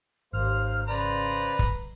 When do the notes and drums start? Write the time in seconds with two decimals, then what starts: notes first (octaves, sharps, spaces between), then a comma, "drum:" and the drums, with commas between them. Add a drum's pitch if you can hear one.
0.33 G#1 D#2 A#3 C5 F6
0.88 C#3 B4 C5 D5 A#5
1.59 drum: kick